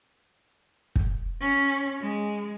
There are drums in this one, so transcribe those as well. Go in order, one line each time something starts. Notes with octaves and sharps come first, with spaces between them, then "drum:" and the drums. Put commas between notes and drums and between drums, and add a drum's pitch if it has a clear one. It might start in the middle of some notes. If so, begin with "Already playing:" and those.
drum: kick
C#4
G#3